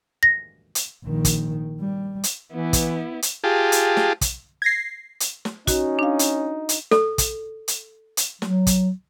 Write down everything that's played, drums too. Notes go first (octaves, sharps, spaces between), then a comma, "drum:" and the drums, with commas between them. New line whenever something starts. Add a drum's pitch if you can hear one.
A#6
drum: hi-hat
A#1 D#3
drum: kick, hi-hat
G3
drum: hi-hat
E3 B3 E4
drum: kick, hi-hat
drum: hi-hat
F4 G4 G#4 A5
drum: hi-hat
drum: snare
drum: kick, hi-hat
G#6 A#6 C7
drum: hi-hat
drum: snare
C#4 D#4 F#4, drum: kick, hi-hat
D4 F5
drum: hi-hat
drum: hi-hat
A4, drum: snare
drum: kick, hi-hat
drum: hi-hat
drum: hi-hat
F#3, drum: snare
drum: kick, hi-hat